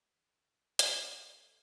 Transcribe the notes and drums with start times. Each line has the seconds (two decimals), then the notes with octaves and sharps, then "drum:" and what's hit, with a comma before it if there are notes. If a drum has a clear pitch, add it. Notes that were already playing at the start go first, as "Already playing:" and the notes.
0.79 D#3 C4 A#4, drum: hi-hat
0.99 A3 D4